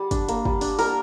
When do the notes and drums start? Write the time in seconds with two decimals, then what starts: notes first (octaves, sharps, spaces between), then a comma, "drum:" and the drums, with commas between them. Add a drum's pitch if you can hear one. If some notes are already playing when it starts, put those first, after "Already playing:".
Already playing: G3
0.11 D4, drum: kick, hi-hat
0.29 A#3, drum: hi-hat
0.45 G3, drum: kick
0.61 D4, drum: open hi-hat
0.79 G3 A#4, drum: open hi-hat